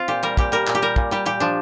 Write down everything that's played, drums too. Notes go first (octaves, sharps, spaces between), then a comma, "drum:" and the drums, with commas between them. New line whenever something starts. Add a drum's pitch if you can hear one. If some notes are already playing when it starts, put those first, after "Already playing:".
Already playing: C4 F4
A#2 G4
G3 A#4
A#2 G4, drum: kick
G3 A#4
A#2, drum: clap
G4
G3 A#4
A#2, drum: kick
G3 G4
A#2 G4
F3 D4